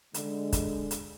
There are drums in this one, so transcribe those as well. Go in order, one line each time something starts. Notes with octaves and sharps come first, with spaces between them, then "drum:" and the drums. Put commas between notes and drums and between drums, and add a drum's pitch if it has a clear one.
D3 G#3, drum: hi-hat
drum: kick, hi-hat
drum: hi-hat